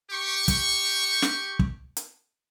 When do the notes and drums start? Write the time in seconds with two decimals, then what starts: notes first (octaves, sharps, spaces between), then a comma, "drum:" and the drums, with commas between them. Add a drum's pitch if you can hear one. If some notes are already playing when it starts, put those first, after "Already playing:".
0.11 G4 C#6
0.48 drum: kick, hi-hat
1.22 drum: snare
1.59 drum: kick
1.97 drum: hi-hat